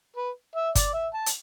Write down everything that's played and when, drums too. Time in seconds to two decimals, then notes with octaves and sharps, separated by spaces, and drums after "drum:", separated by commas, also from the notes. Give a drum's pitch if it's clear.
0.16 B4
0.56 E5
0.75 D5, drum: kick, hi-hat
0.94 E5
1.14 A5
1.26 drum: hi-hat